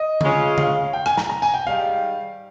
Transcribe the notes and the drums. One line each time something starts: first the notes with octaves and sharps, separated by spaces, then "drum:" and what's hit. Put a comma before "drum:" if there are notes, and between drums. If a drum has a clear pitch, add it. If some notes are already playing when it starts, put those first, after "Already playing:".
Already playing: D#5
C#3 G#3 C#4 F4, drum: tom C#3
F5, drum: tom C#3
G5
G#5, drum: rim click
A#5, drum: snare
A#5
G#5, drum: tambourine
G5
G#2 D#3 G3 F5